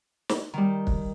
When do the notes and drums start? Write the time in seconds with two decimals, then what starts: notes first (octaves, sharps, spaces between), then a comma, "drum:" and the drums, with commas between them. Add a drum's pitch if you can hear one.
0.29 drum: snare
0.54 D#3 G3
0.87 drum: kick